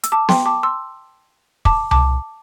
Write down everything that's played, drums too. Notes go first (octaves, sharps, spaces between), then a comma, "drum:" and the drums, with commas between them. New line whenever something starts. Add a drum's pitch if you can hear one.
E6, drum: hi-hat
A5 D6
G5 C6, drum: snare B3
A5 D6
C6 E6
A5 D6, drum: kick
A5 D6, drum: tom C2